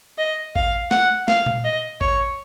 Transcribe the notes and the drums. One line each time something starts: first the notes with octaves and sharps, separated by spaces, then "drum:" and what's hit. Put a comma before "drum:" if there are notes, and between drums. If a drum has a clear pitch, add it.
D#5
F5, drum: kick G#1
F#5, drum: snare
F5, drum: snare
drum: tom A#2
D#5
C#5, drum: kick G#1